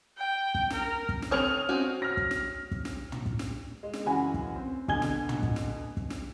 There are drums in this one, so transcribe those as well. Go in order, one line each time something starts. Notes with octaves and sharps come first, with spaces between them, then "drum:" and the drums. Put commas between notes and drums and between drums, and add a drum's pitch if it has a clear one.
G5
drum: kick
A#4, drum: snare
drum: kick
drum: snare
C4 A4 C#5 D#6 F6 F7
C4 C#4 F#4
F6 A#6
drum: kick
drum: snare
drum: kick
drum: snare
drum: tom
drum: kick
drum: snare
G#3
drum: snare
F#2 C#3 E3 F#4 G#5 B5
drum: kick
C4
B2 D3 G#5 G#6 G7, drum: kick
drum: snare
drum: tom
drum: kick
drum: snare
drum: kick
drum: snare